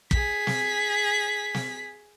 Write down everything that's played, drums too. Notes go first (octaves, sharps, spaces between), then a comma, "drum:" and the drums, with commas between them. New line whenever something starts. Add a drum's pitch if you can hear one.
G#4 B6, drum: kick
drum: snare
drum: snare